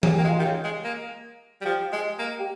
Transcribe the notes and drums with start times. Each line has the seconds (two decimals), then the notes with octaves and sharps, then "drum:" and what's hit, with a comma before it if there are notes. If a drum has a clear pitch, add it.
0.03 A#3 G#4, drum: tom E3
0.15 A#3 G4
0.24 G#3 F4
0.39 D#3 G4
0.45 C#3
0.64 G#3
0.85 A#3
1.61 G3
1.65 F3 G4
1.93 G#3
2.19 A#3
2.40 G4